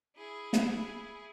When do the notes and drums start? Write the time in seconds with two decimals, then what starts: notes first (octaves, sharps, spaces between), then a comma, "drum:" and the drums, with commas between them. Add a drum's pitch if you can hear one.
0.17 E4 G#4
0.53 drum: snare